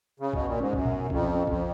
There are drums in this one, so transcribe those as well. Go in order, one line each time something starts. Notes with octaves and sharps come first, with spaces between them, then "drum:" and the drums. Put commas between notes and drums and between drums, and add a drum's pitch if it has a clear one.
C#3
B2 C#4, drum: kick A#1
A#2
G#2 C#4
F#2, drum: kick A#1
B2
F2 C#4, drum: kick A#1
C#4
F2, drum: kick A#1